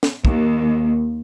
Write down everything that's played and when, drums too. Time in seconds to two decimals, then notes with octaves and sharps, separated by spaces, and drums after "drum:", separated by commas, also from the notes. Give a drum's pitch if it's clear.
0.03 drum: snare
0.25 D#2, drum: kick